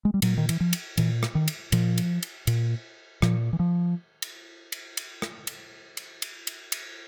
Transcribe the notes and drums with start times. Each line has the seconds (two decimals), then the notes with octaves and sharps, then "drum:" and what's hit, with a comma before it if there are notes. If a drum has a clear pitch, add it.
0.05 G#3
0.14 G3
0.22 A#2 F#3, drum: cymbal
0.37 D#3
0.49 E3, drum: cymbal
0.60 F3
0.73 drum: cymbal
0.97 A#2 E3, drum: cymbal
1.23 drum: rim click
1.35 D#3
1.48 drum: cymbal
1.72 A#2 F3, drum: cymbal
1.98 drum: cymbal
2.23 drum: cymbal
2.47 A#2, drum: cymbal
3.22 A#2 F3, drum: rim click
3.53 E3
3.60 F3
4.22 drum: cymbal
4.72 drum: cymbal
4.97 drum: cymbal
5.22 drum: rim click
5.47 drum: cymbal
5.97 drum: cymbal
6.22 drum: cymbal
6.47 drum: cymbal
6.72 drum: cymbal